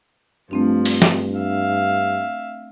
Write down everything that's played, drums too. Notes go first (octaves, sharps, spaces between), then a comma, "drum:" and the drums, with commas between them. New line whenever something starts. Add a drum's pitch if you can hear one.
G2 F3 A3 C4 D4
drum: open hi-hat
drum: snare
E5 F5